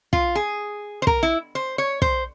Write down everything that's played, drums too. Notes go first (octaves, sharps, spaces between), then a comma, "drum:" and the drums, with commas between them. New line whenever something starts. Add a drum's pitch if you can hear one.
F4, drum: kick
G#4
C5
A#4, drum: kick
E4
C5
C#5
C5, drum: kick